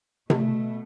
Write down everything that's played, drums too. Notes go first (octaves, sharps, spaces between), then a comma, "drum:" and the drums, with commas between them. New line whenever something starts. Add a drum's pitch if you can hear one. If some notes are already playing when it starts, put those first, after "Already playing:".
B2 A3, drum: tom C3